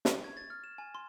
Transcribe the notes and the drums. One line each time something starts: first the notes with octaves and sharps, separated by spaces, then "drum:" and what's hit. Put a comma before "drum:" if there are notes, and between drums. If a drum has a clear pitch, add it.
C#6, drum: snare
G#6
A6
F6
E7
G#5
C6